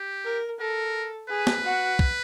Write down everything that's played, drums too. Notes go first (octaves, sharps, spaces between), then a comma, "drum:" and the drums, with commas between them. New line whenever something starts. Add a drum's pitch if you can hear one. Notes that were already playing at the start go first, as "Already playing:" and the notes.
Already playing: G4
A#4
A4 A#4
G#4 B4
drum: snare
F#4
drum: kick